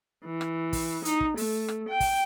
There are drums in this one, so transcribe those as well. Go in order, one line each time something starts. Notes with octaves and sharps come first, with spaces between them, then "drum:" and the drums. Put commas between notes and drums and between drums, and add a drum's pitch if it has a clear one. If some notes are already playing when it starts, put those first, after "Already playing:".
E3
drum: rim click
drum: kick, open hi-hat
D#4, drum: hi-hat
drum: kick
A3, drum: open hi-hat
drum: rim click
G5
drum: kick, open hi-hat